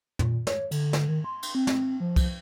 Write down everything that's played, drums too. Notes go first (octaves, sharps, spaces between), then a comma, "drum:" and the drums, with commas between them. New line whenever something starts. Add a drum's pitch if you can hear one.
A#2, drum: tom
C#5, drum: snare
D3, drum: cymbal
drum: snare
D#3
C6
drum: cymbal
C4
drum: snare
F3
drum: kick, cymbal